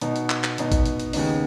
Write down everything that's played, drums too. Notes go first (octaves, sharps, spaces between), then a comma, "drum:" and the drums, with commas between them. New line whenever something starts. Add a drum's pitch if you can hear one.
B2 B3 D#4, drum: hi-hat
drum: hi-hat
drum: clap
drum: clap
B2 B3 D#4, drum: hi-hat
drum: kick, hi-hat
drum: hi-hat
drum: hi-hat
D#2 C#3 B3 D#4, drum: open hi-hat